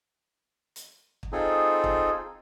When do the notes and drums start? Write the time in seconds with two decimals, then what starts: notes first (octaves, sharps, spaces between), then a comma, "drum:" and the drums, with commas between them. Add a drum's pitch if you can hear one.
0.76 drum: hi-hat
1.23 drum: kick
1.33 C4 D#4 F4 G#4 A4
1.84 drum: kick